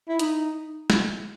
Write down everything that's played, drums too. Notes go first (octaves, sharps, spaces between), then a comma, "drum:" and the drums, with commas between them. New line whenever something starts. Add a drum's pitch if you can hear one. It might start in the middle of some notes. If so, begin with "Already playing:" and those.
E4
D#4, drum: hi-hat
drum: snare